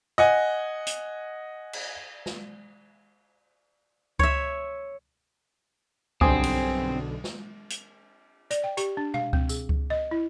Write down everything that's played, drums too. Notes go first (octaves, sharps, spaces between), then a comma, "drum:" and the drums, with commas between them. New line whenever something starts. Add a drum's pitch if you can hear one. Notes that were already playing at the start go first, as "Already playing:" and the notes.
D#5 F#5 G#5
drum: hi-hat
drum: cymbal
drum: snare
C#5 E5, drum: kick C#2
B1 G2 D3 C4 C5 G#5 D#6, drum: kick C#2
drum: cymbal
drum: snare
drum: hi-hat
D5, drum: hi-hat
G5
G4, drum: hi-hat
D4
F5, drum: tom B2
C4, drum: kick C#2
G#4, drum: tambourine
drum: kick C#2
D#5
E4